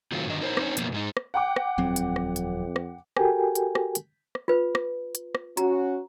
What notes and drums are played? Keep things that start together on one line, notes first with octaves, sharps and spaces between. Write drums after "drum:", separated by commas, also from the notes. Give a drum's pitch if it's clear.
C3 D#3 F#3 A3 F4
E2 G2 D3 D#3 D#5
D#4 E4 A#4 C5 C#5
C4 C#4 D#4 C5 C#5, drum: rim click
F#2 B2 F3 A#3 B3, drum: hi-hat
G#2 G#3 D#4
drum: rim click
F#5 G5 D6
drum: rim click
D#1 F2 F#3 C4
drum: hi-hat
drum: rim click
drum: hi-hat
drum: rim click
F#4 G4 A4 A#4 G5 G#5, drum: rim click
drum: hi-hat
drum: rim click
drum: hi-hat
drum: rim click
F4 B4
drum: rim click
drum: hi-hat
drum: rim click
C#4 F#4 A#5, drum: hi-hat